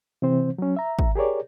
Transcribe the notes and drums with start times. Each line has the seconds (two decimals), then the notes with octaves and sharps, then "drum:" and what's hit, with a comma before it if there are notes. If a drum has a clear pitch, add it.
0.22 C3 E3 C4 C5
0.58 F#3 C#4
0.77 E5 A#5
0.99 drum: kick
1.15 G4 G#4 A#4 C#5 D5